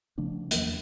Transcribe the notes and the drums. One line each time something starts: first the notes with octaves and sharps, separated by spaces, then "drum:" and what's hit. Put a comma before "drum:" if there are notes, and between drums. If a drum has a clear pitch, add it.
C#3 F3 A3 D4
E2 E3 F#3 A#3, drum: hi-hat